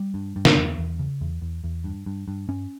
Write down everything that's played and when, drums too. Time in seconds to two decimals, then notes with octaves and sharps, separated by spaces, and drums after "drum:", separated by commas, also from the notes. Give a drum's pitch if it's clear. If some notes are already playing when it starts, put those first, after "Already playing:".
Already playing: G3
0.14 G2
0.36 G2
0.45 drum: snare
0.58 E2
0.78 E2
0.99 C#3
1.21 E2
1.42 E2
1.64 E2
1.84 G2
2.06 G2
2.28 G2
2.49 G2 C#4